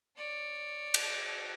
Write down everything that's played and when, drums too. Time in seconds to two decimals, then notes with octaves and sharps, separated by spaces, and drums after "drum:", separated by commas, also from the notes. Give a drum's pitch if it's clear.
0.17 C#5 D5
0.94 drum: cymbal